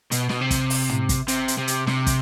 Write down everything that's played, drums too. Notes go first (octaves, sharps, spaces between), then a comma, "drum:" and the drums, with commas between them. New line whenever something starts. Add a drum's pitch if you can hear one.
B2, drum: hi-hat
B2, drum: snare
C3
drum: kick, hi-hat
drum: open hi-hat
drum: tom
drum: kick, hi-hat
C3, drum: hi-hat
drum: hi-hat
C3
drum: hi-hat
C3, drum: snare
drum: kick, hi-hat